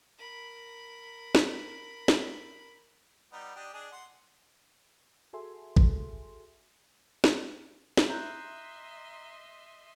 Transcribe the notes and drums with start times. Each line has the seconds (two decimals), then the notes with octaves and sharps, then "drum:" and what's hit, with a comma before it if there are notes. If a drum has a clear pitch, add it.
0.18 A#4 B5
1.35 drum: snare
2.08 drum: snare
3.32 G3 B3 D#4
3.56 D4 G4 D#5
3.73 D4 G#4 D#5
3.92 F#5 C6
5.33 F#4 G#4 A4 E5 G#5 C6
5.77 drum: kick G#1
7.24 drum: snare
7.97 drum: snare
8.10 E4 D#5 E5 A#5 C6 F#6 G6